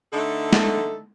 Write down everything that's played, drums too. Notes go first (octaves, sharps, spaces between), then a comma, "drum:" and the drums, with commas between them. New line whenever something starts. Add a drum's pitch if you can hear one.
D3 A3 D#4 A4
drum: snare